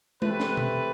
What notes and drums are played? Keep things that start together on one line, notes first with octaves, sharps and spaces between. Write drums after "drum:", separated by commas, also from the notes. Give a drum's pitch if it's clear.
C3 E3 A3 C4 B4, drum: tom G#3
drum: snare
drum: tom B2